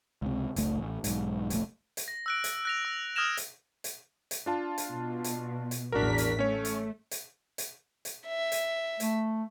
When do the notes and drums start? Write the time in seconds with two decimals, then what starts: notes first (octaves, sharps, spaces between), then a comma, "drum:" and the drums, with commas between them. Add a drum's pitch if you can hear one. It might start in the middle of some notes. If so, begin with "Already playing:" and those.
0.22 C#2 C3
0.56 F#1 C#2 A3, drum: hi-hat
0.78 A1
1.04 B1 G#2, drum: hi-hat
1.50 F1 A#1 A3, drum: hi-hat
1.97 drum: hi-hat
2.08 A#6
2.26 E6 F#6 D7
2.44 drum: hi-hat
2.65 F#6 A#6 F7
2.85 E6
3.16 D#6 F6 G#6 A#6 E7 F7
3.37 drum: hi-hat
3.84 drum: hi-hat
4.31 drum: hi-hat
4.46 D4 F4 A5
4.78 drum: hi-hat
4.89 B2
5.24 drum: hi-hat
5.71 drum: hi-hat
5.92 A1 E2 D4 F#4 A#4 B6
6.18 drum: hi-hat
6.39 A3 C#4 C#5
6.65 drum: hi-hat
7.11 drum: hi-hat
7.58 drum: hi-hat
8.05 drum: hi-hat
8.28 E5
8.52 drum: hi-hat
9.00 A3, drum: hi-hat